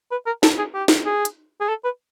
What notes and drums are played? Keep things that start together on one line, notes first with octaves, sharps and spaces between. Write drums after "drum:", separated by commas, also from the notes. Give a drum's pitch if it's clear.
B4
A#4
A4, drum: snare
G#4
G4
drum: snare
G#4
drum: hi-hat
G#4
A4
B4